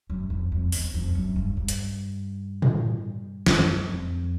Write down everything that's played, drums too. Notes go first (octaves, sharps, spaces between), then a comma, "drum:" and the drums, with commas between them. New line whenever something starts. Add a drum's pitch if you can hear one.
F#2
F2
F2
E2, drum: open hi-hat
F2
F#2
G2
G2
drum: hi-hat
drum: tom A2
F#2, drum: snare
F2